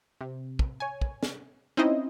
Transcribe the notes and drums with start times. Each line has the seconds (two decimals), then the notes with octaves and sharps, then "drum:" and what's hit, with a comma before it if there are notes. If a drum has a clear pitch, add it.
0.21 C3
0.59 drum: kick
0.80 C#5 G#5
1.01 drum: kick
1.23 drum: snare
1.77 C4 C#4 D#4 E4 C5 D#5